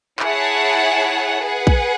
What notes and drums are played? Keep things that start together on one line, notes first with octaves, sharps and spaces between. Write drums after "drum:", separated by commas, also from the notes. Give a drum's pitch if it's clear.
E4 G#4 C#5 F#5 A5, drum: clap
G#4 B4 F#5
drum: kick A#1